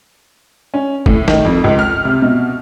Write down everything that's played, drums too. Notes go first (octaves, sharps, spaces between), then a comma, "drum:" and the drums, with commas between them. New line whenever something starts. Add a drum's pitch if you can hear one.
C#4
A2, drum: kick F#1
D#3, drum: snare
F2
C#2
F6
C3
B2